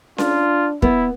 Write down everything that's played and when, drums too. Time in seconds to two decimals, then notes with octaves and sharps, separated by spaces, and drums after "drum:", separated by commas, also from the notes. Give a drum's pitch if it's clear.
0.18 D4 F4, drum: snare C#4
0.82 B3 E4, drum: kick